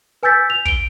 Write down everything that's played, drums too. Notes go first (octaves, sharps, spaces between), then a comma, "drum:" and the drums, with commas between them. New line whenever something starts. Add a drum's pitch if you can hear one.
B4 G#5 E6 G6 A6 B6
F7
D7 G7, drum: kick